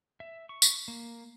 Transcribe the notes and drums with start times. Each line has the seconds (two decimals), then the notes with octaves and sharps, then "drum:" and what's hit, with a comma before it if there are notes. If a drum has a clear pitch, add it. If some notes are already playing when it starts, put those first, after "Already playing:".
0.20 E5
0.49 C#6
0.62 drum: tambourine
0.88 A#3